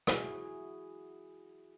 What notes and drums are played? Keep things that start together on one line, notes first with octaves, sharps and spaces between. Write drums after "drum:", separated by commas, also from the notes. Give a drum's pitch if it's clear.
E4 F#4 G#4, drum: rim click